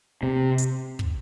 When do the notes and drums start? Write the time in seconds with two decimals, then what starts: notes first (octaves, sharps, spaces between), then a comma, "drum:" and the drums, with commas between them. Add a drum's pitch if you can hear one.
0.23 C3
0.58 drum: hi-hat
0.99 drum: kick